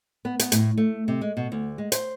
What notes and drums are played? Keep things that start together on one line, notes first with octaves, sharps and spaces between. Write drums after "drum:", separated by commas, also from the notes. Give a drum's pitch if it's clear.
B3
B3, drum: hi-hat
A2, drum: hi-hat
A3
C3
G#3
B2
D2
G#3
C5, drum: hi-hat